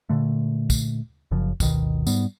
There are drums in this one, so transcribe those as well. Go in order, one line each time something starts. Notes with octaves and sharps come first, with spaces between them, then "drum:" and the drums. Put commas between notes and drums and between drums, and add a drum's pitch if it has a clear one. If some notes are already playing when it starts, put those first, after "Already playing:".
A#2 D3 A3
drum: kick, tambourine
F#1 F#2 C#3 F3
G1 D2 B2 D#3, drum: kick, tambourine
G#2 G3 B3, drum: tambourine